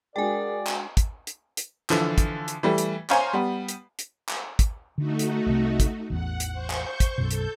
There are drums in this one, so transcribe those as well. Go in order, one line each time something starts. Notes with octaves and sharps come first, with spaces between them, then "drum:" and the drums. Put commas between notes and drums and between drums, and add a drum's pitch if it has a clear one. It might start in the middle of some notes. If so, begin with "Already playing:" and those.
G#3 D4 F#4 G#4 A#4 D5 G5 G#5
drum: clap
drum: kick, hi-hat
drum: hi-hat
drum: hi-hat
D3 E3 F3, drum: clap
drum: kick, hi-hat
drum: hi-hat
E3 G3 A3
drum: hi-hat
C5 C#5 F5 G#5 A#5 C6, drum: clap
G3 B3
drum: hi-hat
drum: hi-hat
drum: clap
drum: kick, hi-hat
D3 A3 D#4 F#4
drum: hi-hat
C2 C3
drum: kick, hi-hat
A1 E2 E3 F#5
drum: hi-hat
C5 C#6 G6
drum: clap
drum: kick, hi-hat
B1 F#2 B2 A4 G6
drum: hi-hat